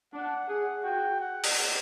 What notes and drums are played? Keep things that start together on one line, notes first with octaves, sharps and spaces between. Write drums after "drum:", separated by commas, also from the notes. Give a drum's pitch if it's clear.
D4 F#5
G#4 F#5
F#4 G5
F#5
drum: open hi-hat